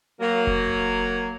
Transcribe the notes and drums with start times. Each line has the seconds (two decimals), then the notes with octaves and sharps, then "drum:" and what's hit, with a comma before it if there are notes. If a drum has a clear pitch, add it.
0.20 F#3 A#3
0.47 drum: kick F1